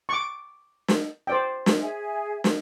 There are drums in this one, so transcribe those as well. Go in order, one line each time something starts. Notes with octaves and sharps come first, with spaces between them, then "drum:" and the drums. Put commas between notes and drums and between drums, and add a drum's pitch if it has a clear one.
C#6 D6
drum: snare
C5 D5 G5
drum: snare
G#4 E5 G#5
drum: snare